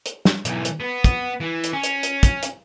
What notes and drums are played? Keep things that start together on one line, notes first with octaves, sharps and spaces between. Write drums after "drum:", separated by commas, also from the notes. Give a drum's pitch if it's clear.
drum: hi-hat
drum: snare
B1 E3, drum: hi-hat
drum: hi-hat
B3
drum: kick, hi-hat
E3
drum: hi-hat
C#4
drum: hi-hat
drum: hi-hat
drum: kick, hi-hat
drum: hi-hat